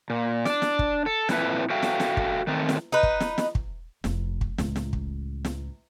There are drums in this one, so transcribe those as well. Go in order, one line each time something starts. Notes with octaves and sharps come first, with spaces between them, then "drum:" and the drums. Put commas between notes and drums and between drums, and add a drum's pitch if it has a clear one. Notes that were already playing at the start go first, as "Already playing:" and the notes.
A#2
D4 D5, drum: snare
drum: snare
drum: kick
A4
A#2 C4 E4 A4 B4 E5, drum: snare
F#4 A4 E5 F5 G5
drum: snare
drum: snare
drum: kick
D#3 A3 C4
drum: snare
D#4 B4
drum: kick
drum: snare
drum: snare
drum: kick
F1, drum: snare
drum: kick
C#2 A2, drum: snare
drum: snare
drum: kick
drum: snare